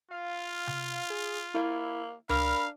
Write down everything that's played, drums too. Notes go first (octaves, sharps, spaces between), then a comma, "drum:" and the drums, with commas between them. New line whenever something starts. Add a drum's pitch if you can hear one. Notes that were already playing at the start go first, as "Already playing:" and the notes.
F4 F5
drum: tom C3
G#4
A#3 E4
D4 A#4 F5 B5, drum: tom C#2